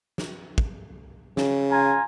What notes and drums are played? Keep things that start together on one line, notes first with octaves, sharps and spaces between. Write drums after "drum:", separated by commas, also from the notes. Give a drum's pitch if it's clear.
drum: snare
drum: kick
C#3, drum: snare
F4 G#5 A#5